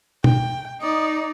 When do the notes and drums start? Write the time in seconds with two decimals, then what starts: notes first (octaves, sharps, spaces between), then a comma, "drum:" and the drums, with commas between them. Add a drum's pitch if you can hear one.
0.24 G5, drum: tom
0.81 D#4 D5 D#6